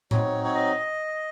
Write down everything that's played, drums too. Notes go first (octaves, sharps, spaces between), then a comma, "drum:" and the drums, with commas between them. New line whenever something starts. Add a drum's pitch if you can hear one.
F#3 C4 D#4 C#5, drum: tom A2
C#5
D#5